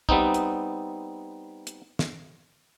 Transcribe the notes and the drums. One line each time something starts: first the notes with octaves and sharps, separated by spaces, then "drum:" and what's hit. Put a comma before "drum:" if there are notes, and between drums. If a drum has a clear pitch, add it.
G3 B3 C4 D#4, drum: kick
drum: hi-hat
drum: hi-hat
drum: snare